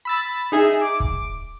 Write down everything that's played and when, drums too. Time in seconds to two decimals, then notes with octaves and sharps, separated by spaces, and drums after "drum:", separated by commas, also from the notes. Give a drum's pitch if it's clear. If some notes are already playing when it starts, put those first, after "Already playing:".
0.05 B5 E6 A6
0.52 D#4 G#4 E5
0.81 D6
1.00 drum: kick